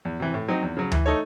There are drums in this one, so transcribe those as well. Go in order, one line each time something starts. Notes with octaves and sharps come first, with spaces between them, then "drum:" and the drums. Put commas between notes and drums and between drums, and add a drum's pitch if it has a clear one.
E2
C3 E3
A2
F#3 C4 D#4
E2
C#3 F#3
E3, drum: tom D2
A3 D#4 A4 C#5